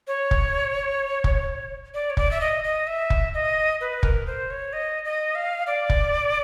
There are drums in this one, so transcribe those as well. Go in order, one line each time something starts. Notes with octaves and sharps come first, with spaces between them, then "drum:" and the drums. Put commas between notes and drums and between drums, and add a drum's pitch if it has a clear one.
C#5
drum: kick
drum: kick
D5
C#5
D5, drum: kick
E5
D#5
D#5
E5
drum: kick
D#5
B4
A#4, drum: kick
C5
C#5
D#5
D#5
F5
D5
drum: kick